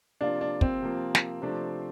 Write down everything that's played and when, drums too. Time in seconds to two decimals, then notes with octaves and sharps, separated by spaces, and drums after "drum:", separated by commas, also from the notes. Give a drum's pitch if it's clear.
0.21 C3 F3 A#3 D4 F4
0.41 D4
0.61 C4, drum: kick
0.82 C3 F3 A#3 F4
1.15 drum: snare
1.42 C3 F3 A3 D4